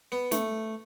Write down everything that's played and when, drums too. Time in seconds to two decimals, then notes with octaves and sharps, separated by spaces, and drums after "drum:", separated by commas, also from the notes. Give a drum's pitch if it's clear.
0.12 B3
0.32 A3, drum: snare